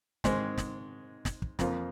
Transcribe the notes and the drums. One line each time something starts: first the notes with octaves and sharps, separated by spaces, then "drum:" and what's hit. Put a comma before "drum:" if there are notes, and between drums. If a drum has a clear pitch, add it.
G#2 D#3 G#3 C4, drum: snare
drum: snare
drum: snare
drum: kick
F2 F3 A#3 F4, drum: snare